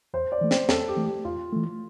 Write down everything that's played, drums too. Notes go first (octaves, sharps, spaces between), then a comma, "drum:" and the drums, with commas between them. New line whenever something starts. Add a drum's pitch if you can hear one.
E2 C5
D5
E3 A3
C5, drum: snare
E2 A4, drum: snare
G4
E3 A3
G4
E2 F4
E3 A3